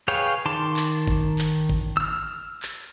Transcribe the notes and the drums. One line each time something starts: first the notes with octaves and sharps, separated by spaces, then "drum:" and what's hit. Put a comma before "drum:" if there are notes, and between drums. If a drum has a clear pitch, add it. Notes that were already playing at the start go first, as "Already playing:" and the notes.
G#4 B4 C#5 F5 G5
D#3 A5 C6 D6
drum: clap
drum: kick
drum: clap
drum: kick
E6 F6
drum: clap